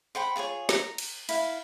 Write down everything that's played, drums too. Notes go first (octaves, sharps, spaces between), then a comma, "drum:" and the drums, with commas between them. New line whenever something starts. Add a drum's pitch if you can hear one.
C5 F#5 G5 B5
F4 G#4 B4 C#5
A#5, drum: snare
drum: cymbal
E4 F5, drum: cymbal